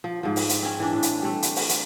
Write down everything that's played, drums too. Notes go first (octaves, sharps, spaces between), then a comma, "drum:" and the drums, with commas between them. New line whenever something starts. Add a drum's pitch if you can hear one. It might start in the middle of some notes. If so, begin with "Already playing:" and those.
F3
G#2 F3
drum: open hi-hat
drum: hi-hat
C4 C#4
E3 D4
A2
drum: hi-hat
G3 A3
drum: hi-hat
drum: open hi-hat
drum: hi-hat